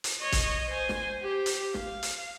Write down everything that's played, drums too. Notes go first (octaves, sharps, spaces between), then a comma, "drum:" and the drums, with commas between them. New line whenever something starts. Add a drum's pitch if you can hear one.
drum: hi-hat
C#5 D#5
drum: kick, hi-hat
C5 G#5
drum: snare
G4 C5
drum: hi-hat
F5, drum: snare
drum: hi-hat